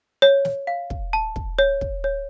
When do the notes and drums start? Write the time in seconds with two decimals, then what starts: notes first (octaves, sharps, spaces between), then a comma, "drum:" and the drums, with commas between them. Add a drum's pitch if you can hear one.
0.22 C#5
0.45 drum: snare
0.67 F5
0.90 drum: kick
1.13 A5
1.36 drum: kick
1.59 C#5
1.81 drum: kick
2.04 C#5